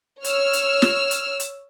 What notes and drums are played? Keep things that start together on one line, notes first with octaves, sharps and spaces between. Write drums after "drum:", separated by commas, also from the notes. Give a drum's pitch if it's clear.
C#5 E6 F6, drum: hi-hat
drum: hi-hat
drum: snare
drum: hi-hat
drum: hi-hat